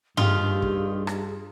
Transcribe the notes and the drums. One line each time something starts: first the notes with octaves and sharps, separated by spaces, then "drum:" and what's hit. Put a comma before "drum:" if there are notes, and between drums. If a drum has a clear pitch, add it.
G2 D#4 F4 G4 G#4, drum: tom G2
drum: kick
drum: rim click